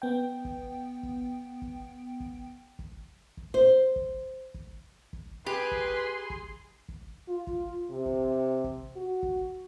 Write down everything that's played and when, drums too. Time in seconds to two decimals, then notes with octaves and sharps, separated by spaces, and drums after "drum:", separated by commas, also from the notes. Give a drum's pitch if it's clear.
0.02 B3 G5
0.45 drum: kick
1.03 drum: kick
1.62 drum: kick
2.20 drum: kick
2.79 drum: kick
3.37 drum: kick
3.54 C5
3.96 drum: kick
4.54 drum: kick
5.13 drum: kick
5.46 G4 G#4 B4 C6
5.71 drum: kick
6.30 drum: kick
6.89 drum: kick
7.28 F4
7.47 drum: kick
7.91 C3
8.06 drum: kick
8.64 drum: kick
8.96 F#4
9.23 drum: kick